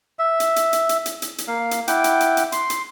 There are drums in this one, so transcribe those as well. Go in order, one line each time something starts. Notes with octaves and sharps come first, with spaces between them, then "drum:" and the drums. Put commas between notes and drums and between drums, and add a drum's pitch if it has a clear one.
E5
drum: hi-hat
drum: hi-hat
drum: hi-hat
drum: hi-hat
drum: hi-hat
drum: hi-hat
drum: hi-hat
A#3 F5
drum: hi-hat
E4 F#5 G5 D6, drum: hi-hat
drum: hi-hat
drum: hi-hat
drum: hi-hat
C6, drum: hi-hat
drum: hi-hat